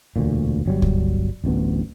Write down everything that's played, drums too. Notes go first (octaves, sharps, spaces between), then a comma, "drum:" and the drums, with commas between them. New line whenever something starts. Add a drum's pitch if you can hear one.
E1 D2 A#2
G1 F#3 G3
drum: kick C#2
D1 A1 D2 B3